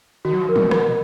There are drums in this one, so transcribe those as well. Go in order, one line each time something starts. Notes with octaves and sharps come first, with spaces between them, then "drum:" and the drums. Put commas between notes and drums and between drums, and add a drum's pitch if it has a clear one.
D#3 F#4
F#3
F3
A#4
B2, drum: tom
A#4, drum: rim click